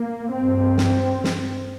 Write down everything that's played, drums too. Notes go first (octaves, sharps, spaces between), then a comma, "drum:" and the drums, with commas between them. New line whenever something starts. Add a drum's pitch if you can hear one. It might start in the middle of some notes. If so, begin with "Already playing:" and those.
Already playing: A#3
G2 C4
drum: snare
drum: snare